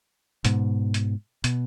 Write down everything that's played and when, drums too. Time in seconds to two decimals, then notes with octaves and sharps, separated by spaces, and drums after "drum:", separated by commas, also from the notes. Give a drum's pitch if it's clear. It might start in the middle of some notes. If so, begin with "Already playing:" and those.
0.45 G#2 B2, drum: hi-hat
0.94 drum: hi-hat
1.44 B2, drum: hi-hat